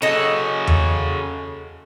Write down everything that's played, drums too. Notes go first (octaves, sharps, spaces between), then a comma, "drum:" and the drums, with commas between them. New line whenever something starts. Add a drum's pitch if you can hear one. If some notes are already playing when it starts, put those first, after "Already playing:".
C#3 F#4 A4 D#5
drum: tom E2